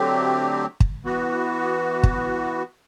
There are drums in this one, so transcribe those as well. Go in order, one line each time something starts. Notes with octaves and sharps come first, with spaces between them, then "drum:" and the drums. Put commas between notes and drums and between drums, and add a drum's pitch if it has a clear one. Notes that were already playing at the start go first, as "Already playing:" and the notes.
Already playing: D3 F#3 A3 C4 G4
drum: kick
E3 B3 F#4
drum: kick